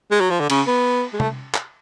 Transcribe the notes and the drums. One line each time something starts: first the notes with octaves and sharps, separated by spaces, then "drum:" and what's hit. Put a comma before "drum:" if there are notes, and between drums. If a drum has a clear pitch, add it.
G#3
F#3
F3
D3
C#3, drum: cymbal
B3
G#3
A3, drum: tom C3
drum: clap